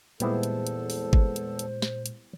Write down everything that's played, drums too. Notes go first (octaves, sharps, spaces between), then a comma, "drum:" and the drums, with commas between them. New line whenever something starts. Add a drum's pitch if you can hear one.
E2 A#2 G3 G#3 B3 E4 A4 C5, drum: hi-hat
drum: hi-hat
drum: hi-hat
drum: open hi-hat
drum: kick G1
drum: hi-hat
drum: hi-hat
drum: snare
drum: hi-hat